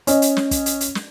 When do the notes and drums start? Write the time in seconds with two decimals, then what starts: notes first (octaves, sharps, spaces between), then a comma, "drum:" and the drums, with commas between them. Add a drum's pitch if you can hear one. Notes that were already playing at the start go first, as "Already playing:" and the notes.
0.07 C#4 D#5, drum: hi-hat
0.22 drum: hi-hat
0.37 drum: snare
0.51 drum: kick, hi-hat
0.66 drum: hi-hat
0.81 drum: hi-hat
0.95 drum: snare